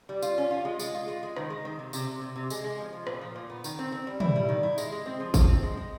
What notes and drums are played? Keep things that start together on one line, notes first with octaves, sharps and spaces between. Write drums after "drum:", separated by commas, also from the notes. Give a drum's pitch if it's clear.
G3
F4, drum: tambourine
C#4
F4
G#3
G#3, drum: tambourine
F4
G#3
G#3
D#3, drum: rim click
G#3
D#3
C3
C3, drum: tambourine
C3
C3
C3
G#3, drum: tambourine
G#3
F3
F3
A#2, drum: rim click
F3
A#2
B3
D#3, drum: tambourine
C4
C4
G3
E4, drum: tom
G3
D#3
E4
G#3, drum: tambourine
G#3
C4
F3
F3, drum: kick G#1, tambourine
C4
G#3
G#3